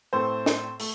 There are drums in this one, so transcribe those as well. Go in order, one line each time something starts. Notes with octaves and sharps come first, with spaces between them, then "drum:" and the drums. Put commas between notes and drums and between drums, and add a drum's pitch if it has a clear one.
A2 A3 C4 C5
drum: snare
A3, drum: open hi-hat